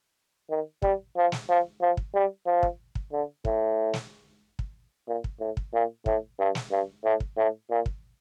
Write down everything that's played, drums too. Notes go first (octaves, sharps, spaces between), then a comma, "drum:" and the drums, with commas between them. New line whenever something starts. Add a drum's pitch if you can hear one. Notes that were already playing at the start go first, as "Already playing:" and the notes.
D#3
G3, drum: kick
F3
drum: snare
F3
F3
drum: kick
G3
F3
drum: kick
drum: kick
D3
A2, drum: kick
drum: snare
drum: kick
A#2
drum: kick
A2
drum: kick
A#2
A2, drum: kick
G2
drum: snare
G2
A2
drum: kick
A2
A#2
drum: kick